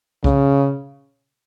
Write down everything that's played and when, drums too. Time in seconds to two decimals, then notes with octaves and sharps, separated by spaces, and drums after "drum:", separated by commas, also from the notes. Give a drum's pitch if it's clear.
0.24 C#3, drum: kick C2